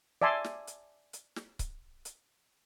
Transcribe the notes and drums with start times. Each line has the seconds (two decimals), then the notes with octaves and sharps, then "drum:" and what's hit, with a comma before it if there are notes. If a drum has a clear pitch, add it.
0.22 D5 E5 G#5 A5 C6
0.44 drum: snare
0.67 drum: hi-hat
1.13 drum: hi-hat
1.36 drum: snare
1.59 drum: kick C#1, hi-hat
2.05 drum: hi-hat